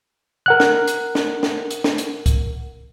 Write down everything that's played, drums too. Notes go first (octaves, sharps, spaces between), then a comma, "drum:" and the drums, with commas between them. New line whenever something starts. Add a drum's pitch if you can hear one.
A#4 F#5 F#6
drum: snare
drum: hi-hat
drum: snare
drum: snare
drum: hi-hat
drum: snare
drum: hi-hat
drum: kick C2, hi-hat